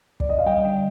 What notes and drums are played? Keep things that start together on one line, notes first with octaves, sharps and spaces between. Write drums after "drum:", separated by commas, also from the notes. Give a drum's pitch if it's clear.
D5, drum: kick
D#5
F5
G3 D#5 G5
D3